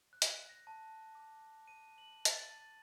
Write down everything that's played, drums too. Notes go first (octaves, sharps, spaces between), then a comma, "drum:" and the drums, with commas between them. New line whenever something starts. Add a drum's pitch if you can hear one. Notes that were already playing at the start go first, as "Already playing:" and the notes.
F#6
drum: hi-hat
A#6
A5
D6
D#7
F#7
A6, drum: hi-hat
A6